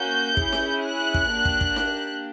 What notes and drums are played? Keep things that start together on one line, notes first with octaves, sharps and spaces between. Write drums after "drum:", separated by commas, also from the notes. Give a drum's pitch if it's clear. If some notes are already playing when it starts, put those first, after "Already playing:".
Already playing: A#3 C#4 F#4 G6
C#4 E4 G#4, drum: kick
drum: snare D#4
F#6
drum: kick
A#3 D4 G4
drum: kick
drum: kick
drum: snare D#4